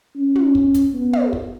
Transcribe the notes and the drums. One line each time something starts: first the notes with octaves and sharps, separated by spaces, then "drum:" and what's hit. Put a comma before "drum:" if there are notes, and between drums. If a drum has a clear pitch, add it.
C#4
drum: tom
drum: kick
drum: kick, hi-hat
B3
drum: tom
drum: kick